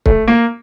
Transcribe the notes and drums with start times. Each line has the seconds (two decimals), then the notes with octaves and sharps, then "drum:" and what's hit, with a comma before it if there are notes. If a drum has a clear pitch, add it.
0.06 A3, drum: kick
0.28 A#3